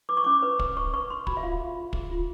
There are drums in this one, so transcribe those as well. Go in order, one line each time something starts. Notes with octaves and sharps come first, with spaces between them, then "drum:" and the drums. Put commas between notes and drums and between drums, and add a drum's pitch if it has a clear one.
B4 D6
C#6
C#4 D6
B4
B4, drum: kick
B4 C#6
B4 C#6
B4 C6
F#4 B5, drum: kick
E5
F4 F5
G#4
F4
G#4, drum: kick
F4